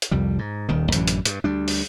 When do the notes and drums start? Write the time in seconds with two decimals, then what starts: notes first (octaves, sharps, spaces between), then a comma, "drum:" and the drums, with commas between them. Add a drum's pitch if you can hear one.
0.02 drum: hi-hat
0.11 C2 F2 G3
0.39 G#2
0.69 D#1 D#2 D#3
0.92 A1 F#2 D3 E3, drum: hi-hat
1.08 drum: hi-hat
1.25 G2, drum: hi-hat
1.44 D2 G3 D4
1.68 drum: open hi-hat